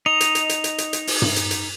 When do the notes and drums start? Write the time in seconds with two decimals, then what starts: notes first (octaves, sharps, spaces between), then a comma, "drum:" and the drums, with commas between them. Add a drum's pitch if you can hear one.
0.06 D#4 D#5 F7
0.21 drum: hi-hat
0.35 drum: hi-hat
0.49 drum: hi-hat
0.64 drum: hi-hat
0.78 drum: hi-hat
0.93 drum: hi-hat
1.07 drum: open hi-hat
1.22 drum: tom G2
1.36 drum: hi-hat
1.51 drum: hi-hat